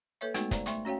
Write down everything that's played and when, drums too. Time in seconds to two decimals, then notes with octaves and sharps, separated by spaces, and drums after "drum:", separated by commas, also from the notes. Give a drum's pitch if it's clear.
0.21 A#3 A4 B4 C#5 E5
0.34 G#3 A3 B3 D#4 F#4, drum: hi-hat
0.51 C5 D5 F5 A#5, drum: kick, hi-hat
0.66 A3 E5 C6 C#6, drum: hi-hat
0.85 C#4 F#4 C#5 F5 G5